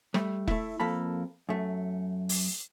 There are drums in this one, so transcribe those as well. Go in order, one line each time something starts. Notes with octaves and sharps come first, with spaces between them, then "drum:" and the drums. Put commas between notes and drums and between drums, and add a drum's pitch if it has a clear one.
G3 A3, drum: rim click
A3 E4, drum: kick E1
F2 A#3 A4 B5
F#2 A3
drum: open hi-hat